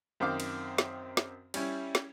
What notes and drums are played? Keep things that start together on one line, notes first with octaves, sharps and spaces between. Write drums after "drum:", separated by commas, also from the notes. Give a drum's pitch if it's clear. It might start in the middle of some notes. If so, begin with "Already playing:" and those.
F#2 D#3 C4 C5 F5 D6
drum: cymbal
drum: snare
drum: snare
G3 C#4 E4, drum: cymbal
drum: snare